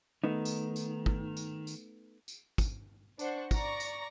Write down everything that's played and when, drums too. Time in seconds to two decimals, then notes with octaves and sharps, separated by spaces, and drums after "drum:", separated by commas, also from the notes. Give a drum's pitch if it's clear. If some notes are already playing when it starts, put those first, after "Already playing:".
0.24 D#3 A3 B3 D#4
0.45 drum: tambourine
0.76 drum: tambourine
1.06 drum: kick
1.37 drum: tambourine
1.67 drum: tambourine
2.28 drum: tambourine
2.58 drum: kick, tambourine
3.19 D4 C5 F#5 C#6, drum: tambourine
3.51 D5 A#5 C#6 A#6, drum: kick, tambourine
3.80 drum: tambourine